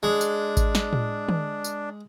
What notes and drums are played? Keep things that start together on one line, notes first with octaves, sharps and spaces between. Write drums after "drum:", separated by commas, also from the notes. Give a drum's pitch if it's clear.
G#3 D4
drum: tambourine
drum: kick G#1, tambourine
drum: snare
drum: tom A2
drum: tom
drum: tambourine